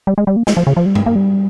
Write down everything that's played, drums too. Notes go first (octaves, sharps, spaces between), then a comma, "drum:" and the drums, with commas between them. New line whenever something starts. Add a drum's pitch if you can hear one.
G3
G#3
G3
A#3
G#3, drum: snare
F3
C#3
F3
G3
G#3, drum: tom G2
A#3
G3